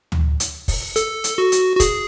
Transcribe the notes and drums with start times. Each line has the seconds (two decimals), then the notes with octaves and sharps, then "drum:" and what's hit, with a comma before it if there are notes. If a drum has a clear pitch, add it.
0.12 drum: tom D2
0.40 drum: hi-hat
0.68 drum: kick, open hi-hat
0.96 A4, drum: hi-hat
1.24 drum: hi-hat
1.38 F#4
1.52 drum: hi-hat
1.76 F#4
1.80 G#4, drum: kick, hi-hat